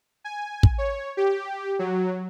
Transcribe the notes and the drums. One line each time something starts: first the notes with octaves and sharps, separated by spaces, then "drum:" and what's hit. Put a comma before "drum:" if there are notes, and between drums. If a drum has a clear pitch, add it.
G#5
drum: kick
C#5
G4
F#3